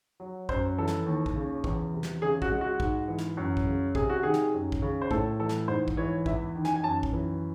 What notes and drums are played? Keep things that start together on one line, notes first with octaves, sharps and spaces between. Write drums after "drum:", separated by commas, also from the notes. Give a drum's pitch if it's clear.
F#3
F#2 C5, drum: kick
E3 A4
drum: snare
D#2
drum: kick
C#3
E2, drum: kick
C3
drum: snare
C#3 G#4
F#4, drum: kick
G#3
F#4
G#2, drum: kick
E3
drum: snare
F#2
drum: kick
C#3
C3 G#4, drum: kick
F#4
D#3 G#4
drum: snare
F#2
drum: kick
C#3
C5
A2 A4, drum: kick
E3 A4
drum: snare
G#2 C5
drum: kick
E3 C#5
E2 E5, drum: kick
D#3
G#5, drum: snare
G#5
F#2 A5
drum: kick
E3